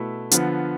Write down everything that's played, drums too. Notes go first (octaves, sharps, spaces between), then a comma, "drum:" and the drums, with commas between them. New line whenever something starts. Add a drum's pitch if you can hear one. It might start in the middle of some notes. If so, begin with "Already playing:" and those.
Already playing: B2 A3 E4 B4
D3 F3 B3 F4, drum: hi-hat